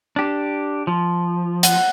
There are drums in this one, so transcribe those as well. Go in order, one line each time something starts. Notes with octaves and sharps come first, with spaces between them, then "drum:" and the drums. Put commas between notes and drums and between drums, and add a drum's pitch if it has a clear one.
D4 G4
F3
F#5, drum: hi-hat